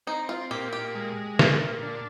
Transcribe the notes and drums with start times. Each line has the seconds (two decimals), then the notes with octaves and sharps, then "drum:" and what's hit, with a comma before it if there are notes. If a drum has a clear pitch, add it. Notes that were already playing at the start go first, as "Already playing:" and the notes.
0.07 C4 D#4
0.29 F4
0.51 A#2 G4
0.73 G4
0.95 G#3
1.39 A#2, drum: snare
1.82 D4